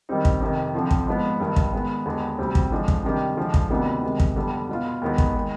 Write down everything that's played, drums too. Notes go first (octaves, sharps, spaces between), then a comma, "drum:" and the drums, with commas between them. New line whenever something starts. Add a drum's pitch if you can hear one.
D#3 G3 C4 D#4
drum: kick
F2 C3 D#3
F2 D3 F3 C4
drum: kick
G#2 F3 B3
G2 D#3 B3
drum: kick
D#3 G#3 B3
D#2 D3 G#3 B3
D2 C3 G3 C4
drum: kick
D3 F3 G#3 D4
drum: kick
C3 D#3 G3 D4 G4
D3 F3 G#3 D4
drum: kick
D2 C3 D#3 B3 D4
C3 D#3 G#3
drum: kick
F2 D3 G3 B3
B2 B3 F4
D#2 D#3 G#3 B3 D#4
drum: kick
D#3 G#3